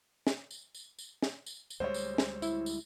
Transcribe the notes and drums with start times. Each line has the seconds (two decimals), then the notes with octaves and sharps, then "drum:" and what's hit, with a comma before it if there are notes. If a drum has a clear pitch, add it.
0.27 drum: snare
0.51 drum: tambourine
0.75 drum: tambourine
0.99 drum: tambourine
1.22 drum: snare
1.46 drum: tambourine
1.70 drum: tambourine
1.80 D2 G3 G#3 C5 C#5
1.94 drum: tambourine
2.18 drum: snare
2.42 E4, drum: tambourine
2.66 drum: tambourine